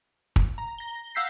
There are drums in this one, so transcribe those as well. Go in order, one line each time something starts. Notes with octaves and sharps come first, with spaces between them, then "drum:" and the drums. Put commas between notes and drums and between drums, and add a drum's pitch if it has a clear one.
drum: kick
A#5
A#6 G7
F5 F#5 E6 G6 B6 C7